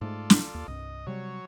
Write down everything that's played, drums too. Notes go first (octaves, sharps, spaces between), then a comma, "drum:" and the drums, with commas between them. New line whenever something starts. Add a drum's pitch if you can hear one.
G#2 A3 F4 A4 D5
drum: snare
D#2
C2 G2 D#5
C3 F#3 G3 C#5